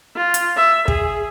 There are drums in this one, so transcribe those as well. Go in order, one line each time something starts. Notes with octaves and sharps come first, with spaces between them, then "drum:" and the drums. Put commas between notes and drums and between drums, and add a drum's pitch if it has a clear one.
F4
drum: hi-hat
E5
G#4, drum: kick